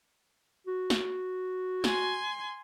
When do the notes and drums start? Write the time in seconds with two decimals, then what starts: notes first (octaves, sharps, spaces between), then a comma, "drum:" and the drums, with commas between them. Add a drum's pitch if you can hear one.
0.67 F#4
0.90 drum: snare
1.84 G#5 C6, drum: snare